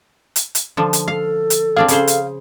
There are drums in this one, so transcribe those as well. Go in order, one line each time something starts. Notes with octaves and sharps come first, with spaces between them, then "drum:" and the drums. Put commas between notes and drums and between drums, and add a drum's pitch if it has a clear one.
drum: hi-hat
drum: hi-hat
D3 F3
drum: hi-hat
A4 F5
drum: hi-hat
C4 D4 G#4 F5
C#3 G#4 A4 C5, drum: hi-hat
drum: hi-hat